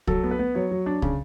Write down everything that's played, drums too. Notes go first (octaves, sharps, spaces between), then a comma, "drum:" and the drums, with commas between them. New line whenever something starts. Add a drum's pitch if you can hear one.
F#3 A4, drum: kick
B3
B4
B3
F#3 C#5
F#3
D4
C#3, drum: kick